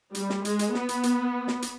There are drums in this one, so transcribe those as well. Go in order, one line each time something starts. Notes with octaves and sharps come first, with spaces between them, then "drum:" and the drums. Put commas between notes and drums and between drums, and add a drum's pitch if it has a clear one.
G3, drum: hi-hat
drum: snare
G#3, drum: hi-hat
drum: hi-hat
B3, drum: snare
drum: hi-hat
drum: hi-hat
drum: snare
drum: hi-hat